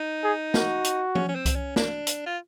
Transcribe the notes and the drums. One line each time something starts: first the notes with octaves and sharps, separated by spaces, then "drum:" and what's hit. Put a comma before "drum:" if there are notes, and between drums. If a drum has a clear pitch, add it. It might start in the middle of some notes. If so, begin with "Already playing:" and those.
Already playing: D#4
G#4
F#4, drum: snare
drum: hi-hat
C#4, drum: tom F3
C#4
C4
drum: kick C2, hi-hat
C#4
D4, drum: snare
drum: hi-hat
F4